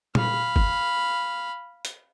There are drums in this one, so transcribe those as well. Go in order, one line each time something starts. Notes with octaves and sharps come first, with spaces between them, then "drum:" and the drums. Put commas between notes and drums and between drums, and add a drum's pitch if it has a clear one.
F5 B5, drum: tom A#2
drum: kick
drum: hi-hat